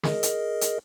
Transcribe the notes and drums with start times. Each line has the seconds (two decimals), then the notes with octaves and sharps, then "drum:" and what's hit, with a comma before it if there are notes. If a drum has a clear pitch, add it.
0.03 G#4 A#4 D#5, drum: snare
0.23 drum: hi-hat
0.61 drum: hi-hat